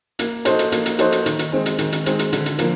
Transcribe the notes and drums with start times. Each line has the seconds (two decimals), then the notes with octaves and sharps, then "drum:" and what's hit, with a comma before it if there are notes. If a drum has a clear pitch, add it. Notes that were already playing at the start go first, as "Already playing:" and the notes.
0.19 A#3, drum: hi-hat
0.45 D#4 F#4 A4 C5, drum: hi-hat
0.59 drum: hi-hat
0.72 A#3, drum: hi-hat
0.86 drum: hi-hat
0.99 D#4 F#4 A4 C5, drum: hi-hat
1.12 drum: hi-hat
1.26 D#3, drum: hi-hat
1.39 drum: hi-hat
1.52 G#3 C4
1.66 drum: hi-hat
1.78 D#3, drum: hi-hat
1.92 drum: hi-hat
2.06 G#3 C4, drum: hi-hat
2.19 drum: hi-hat
2.33 D3, drum: hi-hat
2.46 drum: hi-hat
2.59 F3 A#3, drum: hi-hat